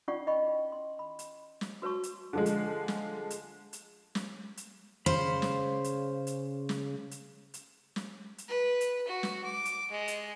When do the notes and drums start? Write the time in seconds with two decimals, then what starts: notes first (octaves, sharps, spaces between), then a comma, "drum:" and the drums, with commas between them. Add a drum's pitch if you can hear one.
0.08 C#4 D#4 F4 D5 F#5 C#6
0.27 E4 D#5 G5 B5 C#6
0.72 C6
0.99 B5
1.19 drum: hi-hat
1.61 drum: snare
1.82 F#4 B4 C#5 A5 C#6
2.03 drum: hi-hat
2.33 D3 F3 G#3
2.46 drum: hi-hat
2.88 drum: snare
3.30 drum: hi-hat
3.73 drum: hi-hat
4.15 drum: snare
4.57 drum: hi-hat
5.06 C#3 C5 F5 B5
5.42 drum: snare
5.84 drum: hi-hat
6.27 drum: hi-hat
6.69 drum: snare
7.11 drum: hi-hat
7.54 drum: hi-hat
7.96 drum: snare
8.38 drum: hi-hat
8.48 B4
8.81 drum: hi-hat
9.07 F#4
9.23 drum: snare
9.44 D6
9.65 drum: hi-hat
9.90 G#3
10.08 drum: hi-hat